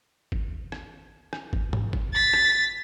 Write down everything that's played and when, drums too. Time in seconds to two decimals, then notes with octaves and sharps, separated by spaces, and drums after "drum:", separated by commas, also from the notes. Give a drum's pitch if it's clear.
0.32 drum: kick
0.72 drum: rim click
1.33 drum: rim click
1.53 drum: kick
1.73 drum: tom
1.93 drum: kick
2.13 A6 B6
2.33 drum: rim click